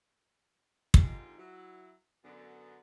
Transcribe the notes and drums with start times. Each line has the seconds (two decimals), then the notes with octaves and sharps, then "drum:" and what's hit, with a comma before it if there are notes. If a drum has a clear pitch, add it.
0.94 G#2 D3 C4 D#4 F4 G4, drum: kick
1.38 F#3 E4
2.24 F#2 D3 B3